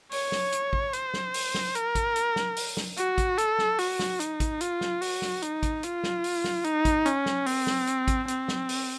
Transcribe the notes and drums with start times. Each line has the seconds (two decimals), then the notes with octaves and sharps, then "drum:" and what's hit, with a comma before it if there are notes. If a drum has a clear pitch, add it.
0.12 C#5, drum: open hi-hat
0.32 drum: snare
0.52 drum: hi-hat
0.73 drum: kick A1
0.93 C5, drum: hi-hat
1.14 drum: snare
1.34 drum: open hi-hat
1.54 drum: snare
1.75 A#4, drum: hi-hat
1.95 drum: kick A1, hi-hat
2.16 drum: hi-hat
2.36 drum: snare
2.57 drum: open hi-hat
2.77 drum: snare
2.97 F#4, drum: hi-hat
3.18 drum: kick A1, hi-hat
3.38 A4, drum: hi-hat
3.59 drum: snare
3.78 F#4, drum: open hi-hat
3.99 drum: snare
4.20 D#4, drum: hi-hat
4.40 drum: kick A1, hi-hat
4.61 F4, drum: hi-hat
4.81 drum: snare
5.02 F#4, drum: open hi-hat
5.22 drum: snare
5.42 D#4, drum: hi-hat
5.63 drum: kick A1, hi-hat
5.83 F4, drum: hi-hat
6.03 drum: snare
6.24 drum: open hi-hat
6.44 drum: snare
6.64 D#4, drum: hi-hat
6.85 drum: kick A1, hi-hat
7.06 C#4, drum: hi-hat
7.26 drum: snare
7.46 C4, drum: open hi-hat
7.67 drum: snare
7.87 drum: hi-hat
8.08 drum: kick A1, hi-hat
8.28 C4, drum: hi-hat
8.48 drum: snare
8.69 drum: open hi-hat